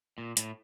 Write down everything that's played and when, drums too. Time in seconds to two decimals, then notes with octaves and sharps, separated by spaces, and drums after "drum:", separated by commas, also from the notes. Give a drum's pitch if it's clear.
0.18 A#2
0.37 A2, drum: hi-hat